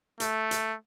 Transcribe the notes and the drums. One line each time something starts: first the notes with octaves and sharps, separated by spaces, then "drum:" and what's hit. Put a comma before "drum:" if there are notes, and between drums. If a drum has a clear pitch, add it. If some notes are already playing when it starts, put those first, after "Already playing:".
A3, drum: hi-hat
drum: hi-hat